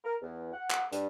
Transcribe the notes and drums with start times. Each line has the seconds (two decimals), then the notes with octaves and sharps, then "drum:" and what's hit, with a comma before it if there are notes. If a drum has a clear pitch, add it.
0.05 A#4
0.22 E2
0.53 F#5
0.70 drum: clap
0.92 G2, drum: hi-hat